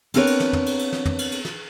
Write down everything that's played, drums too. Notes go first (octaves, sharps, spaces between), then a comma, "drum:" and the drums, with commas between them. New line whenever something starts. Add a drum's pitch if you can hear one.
B3 C4 D4 A#4 B4 C#5, drum: cymbal
drum: cymbal
drum: snare
drum: tom
drum: cymbal
drum: cymbal
drum: snare
drum: tom
drum: cymbal
drum: cymbal
drum: snare